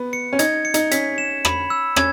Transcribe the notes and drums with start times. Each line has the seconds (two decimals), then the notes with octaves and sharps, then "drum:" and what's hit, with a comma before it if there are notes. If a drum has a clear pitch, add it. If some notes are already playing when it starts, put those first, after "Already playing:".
Already playing: B3
0.13 C#7
0.33 C#4
0.39 D#4 G#6, drum: hi-hat
0.65 C#7
0.74 D#4, drum: hi-hat
0.91 C#4 B6, drum: hi-hat
1.18 E7
1.45 B5, drum: rim click
1.70 E6
1.96 C#4 G#6, drum: rim click